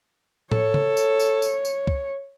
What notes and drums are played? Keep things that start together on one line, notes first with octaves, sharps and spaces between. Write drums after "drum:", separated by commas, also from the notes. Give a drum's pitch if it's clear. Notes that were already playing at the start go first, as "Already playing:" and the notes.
A4 C#5, drum: tom
drum: tom C#3
drum: tambourine
drum: tambourine
drum: tambourine
drum: tambourine
drum: kick